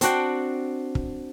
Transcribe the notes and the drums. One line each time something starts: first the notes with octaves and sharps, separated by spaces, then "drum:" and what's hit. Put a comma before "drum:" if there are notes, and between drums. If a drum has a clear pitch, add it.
C4 D4 F#4 G5, drum: hi-hat
drum: kick